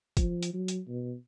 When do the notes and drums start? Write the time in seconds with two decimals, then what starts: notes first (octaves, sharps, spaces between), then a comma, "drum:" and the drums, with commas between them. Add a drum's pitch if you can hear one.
0.17 F3, drum: kick F#1, hi-hat
0.43 drum: hi-hat
0.53 F#3
0.68 drum: hi-hat
0.88 B2